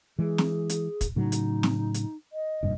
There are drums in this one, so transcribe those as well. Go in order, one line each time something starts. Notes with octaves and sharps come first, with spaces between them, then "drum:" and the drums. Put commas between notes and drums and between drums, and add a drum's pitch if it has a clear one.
E3 G#3 G#4
drum: snare
drum: hi-hat
drum: kick, hi-hat
A2 C#3 F#3 D#4
drum: hi-hat
drum: snare
drum: hi-hat
D#5
F1 G2 A#2